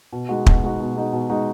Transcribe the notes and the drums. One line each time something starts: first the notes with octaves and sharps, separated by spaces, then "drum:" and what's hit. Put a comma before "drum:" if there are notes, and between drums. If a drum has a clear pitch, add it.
B2
G#3 D#4 F#4
B2, drum: kick
G#3 D#4 F#4
B2
G#3 D#4 F#4
B2
G#3 D#4 F#4